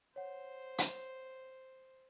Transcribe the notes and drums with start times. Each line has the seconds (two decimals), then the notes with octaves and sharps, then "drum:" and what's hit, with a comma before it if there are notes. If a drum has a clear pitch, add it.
0.16 C5 C#5 F#5
0.78 drum: hi-hat